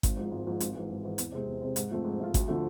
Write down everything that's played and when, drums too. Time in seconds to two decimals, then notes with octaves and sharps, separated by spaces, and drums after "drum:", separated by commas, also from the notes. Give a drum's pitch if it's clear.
0.03 G#1, drum: kick G#1, hi-hat
0.17 G#2 F3
0.32 G#1
0.47 G#2 F3
0.60 G#1, drum: hi-hat
0.75 G#2 E3
0.90 G#1
1.03 G#2 E3
1.18 E2, drum: hi-hat
1.32 C3 G#3 C4
1.47 E2
1.61 C3 G#3 C4
1.76 G#2, drum: hi-hat
1.91 F3 A3 C4 F4
2.04 G#2
2.20 F3 A3 C4 F4
2.34 D2, drum: kick G#1, hi-hat
2.48 D3 F3 A3